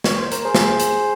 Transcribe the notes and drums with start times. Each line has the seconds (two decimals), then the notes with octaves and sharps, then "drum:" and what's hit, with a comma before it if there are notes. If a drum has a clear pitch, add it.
0.04 C#5, drum: snare
0.18 C5
0.32 A#4, drum: hi-hat
0.45 G#4 C5
0.55 drum: snare
0.80 drum: hi-hat